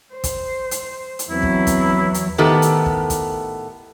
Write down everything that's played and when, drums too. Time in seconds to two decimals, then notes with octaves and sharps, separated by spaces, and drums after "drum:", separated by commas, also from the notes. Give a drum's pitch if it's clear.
0.13 C5
0.24 drum: kick, hi-hat
0.71 drum: hi-hat
1.19 drum: hi-hat
1.29 E2 F#3 B3 C4 E4
1.43 drum: kick
1.67 drum: kick, hi-hat
2.14 drum: hi-hat
2.38 A2 D#3 B3 G4 A4
2.62 drum: hi-hat
2.86 drum: kick
3.10 drum: kick, hi-hat